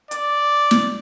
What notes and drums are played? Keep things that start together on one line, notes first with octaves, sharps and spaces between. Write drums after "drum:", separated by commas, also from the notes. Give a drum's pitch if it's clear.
D5, drum: hi-hat
drum: snare